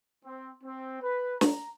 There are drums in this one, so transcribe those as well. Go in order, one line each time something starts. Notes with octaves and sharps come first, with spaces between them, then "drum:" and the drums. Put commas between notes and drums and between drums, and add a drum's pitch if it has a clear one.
C4
C4
B4
A#5, drum: snare